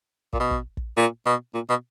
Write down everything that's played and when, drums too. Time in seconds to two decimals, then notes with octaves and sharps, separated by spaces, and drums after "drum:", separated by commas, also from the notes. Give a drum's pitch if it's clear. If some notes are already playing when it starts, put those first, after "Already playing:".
0.33 A#2, drum: kick
0.39 B2
0.51 drum: kick
0.77 drum: kick
0.97 A#2
1.26 B2
1.54 A#2
1.69 B2